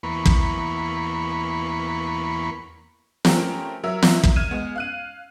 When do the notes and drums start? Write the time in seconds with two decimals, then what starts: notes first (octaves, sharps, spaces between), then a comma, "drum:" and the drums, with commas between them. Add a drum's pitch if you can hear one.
0.03 E2 A#3 B3 B5 C#6
0.26 drum: kick
3.25 F3 A3 C4 C#4 G4 A#4, drum: snare
3.83 F#3 A#4 E5 E6
4.03 drum: snare
4.24 drum: kick
4.36 F6 G#6 D#7 E7
4.51 G#3 B3
4.76 F5 F#6 D#7